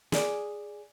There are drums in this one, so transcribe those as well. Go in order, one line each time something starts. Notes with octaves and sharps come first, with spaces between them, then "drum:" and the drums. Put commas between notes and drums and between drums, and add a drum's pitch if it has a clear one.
G#4 D5, drum: snare